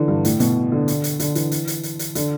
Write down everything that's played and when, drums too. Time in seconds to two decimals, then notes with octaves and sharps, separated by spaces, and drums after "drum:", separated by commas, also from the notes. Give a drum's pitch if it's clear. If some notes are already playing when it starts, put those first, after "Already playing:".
Already playing: D3 E3
0.08 G2
0.25 A2, drum: hi-hat
0.40 B2, drum: hi-hat
0.72 D3
0.88 drum: hi-hat
1.04 drum: hi-hat
1.20 D3, drum: hi-hat
1.35 E3, drum: hi-hat
1.52 drum: hi-hat
1.67 drum: hi-hat
1.83 drum: hi-hat
1.99 drum: hi-hat
2.15 D3, drum: hi-hat